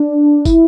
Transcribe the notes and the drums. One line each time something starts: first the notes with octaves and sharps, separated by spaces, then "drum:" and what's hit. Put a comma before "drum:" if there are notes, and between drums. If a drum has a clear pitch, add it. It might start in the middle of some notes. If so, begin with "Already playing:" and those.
Already playing: D4
E4, drum: kick, tambourine